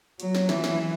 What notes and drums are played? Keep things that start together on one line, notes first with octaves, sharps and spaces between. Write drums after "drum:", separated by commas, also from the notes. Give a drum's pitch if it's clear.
F#3, drum: hi-hat
drum: snare
E3, drum: snare
drum: snare